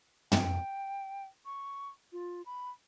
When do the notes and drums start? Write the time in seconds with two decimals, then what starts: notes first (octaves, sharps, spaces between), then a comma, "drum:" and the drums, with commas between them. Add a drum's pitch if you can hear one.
0.32 G5, drum: tom
1.46 C#6
2.12 F4
2.46 B5